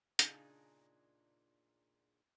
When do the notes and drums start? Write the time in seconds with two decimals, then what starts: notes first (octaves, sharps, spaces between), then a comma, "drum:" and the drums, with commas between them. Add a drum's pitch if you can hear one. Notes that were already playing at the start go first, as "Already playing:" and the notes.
0.19 A#2 C#3 D4 D#4 G#4, drum: hi-hat